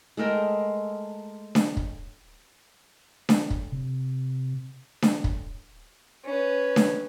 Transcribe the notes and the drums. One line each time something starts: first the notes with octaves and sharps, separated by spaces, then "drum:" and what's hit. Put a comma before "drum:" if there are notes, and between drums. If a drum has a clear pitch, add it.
G#3 A3 A#4 G5
drum: snare D4
drum: kick
drum: snare D4
drum: kick
C3
drum: snare D4
drum: kick
C#4 B4
drum: snare D4